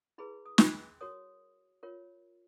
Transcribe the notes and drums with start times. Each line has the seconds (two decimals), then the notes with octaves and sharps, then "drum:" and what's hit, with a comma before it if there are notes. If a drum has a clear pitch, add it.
0.18 E4 G#4 B4 B5
0.46 D#6
0.58 drum: snare
1.01 F#4 A#4 C#5 D#6
1.83 F4 A#4 C#5